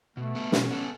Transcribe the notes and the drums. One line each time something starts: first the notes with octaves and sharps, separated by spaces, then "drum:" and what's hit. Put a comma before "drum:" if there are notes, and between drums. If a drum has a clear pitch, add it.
B2 A3
B3 A4
B2 C#4, drum: snare
B3 A4